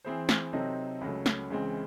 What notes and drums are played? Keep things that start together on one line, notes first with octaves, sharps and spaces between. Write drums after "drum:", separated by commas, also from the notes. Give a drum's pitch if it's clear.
E3 C4 E4 G#4 C5
drum: snare
C3 F#3 C4 D#4 A4
C#2 C#3 F#3 A3
drum: snare
C#2 C#3 E3 G#3 C4